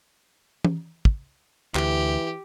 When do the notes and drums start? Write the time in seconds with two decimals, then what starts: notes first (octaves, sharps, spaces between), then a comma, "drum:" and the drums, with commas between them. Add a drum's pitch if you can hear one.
0.65 drum: tom
1.05 drum: kick
1.75 D2 E3 G4, drum: clap